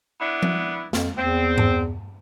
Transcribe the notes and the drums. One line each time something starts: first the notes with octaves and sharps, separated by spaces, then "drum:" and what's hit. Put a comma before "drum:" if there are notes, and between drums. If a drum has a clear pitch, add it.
B3 D4 E4
drum: tom F3
F2, drum: snare
E2 C4
drum: tom G2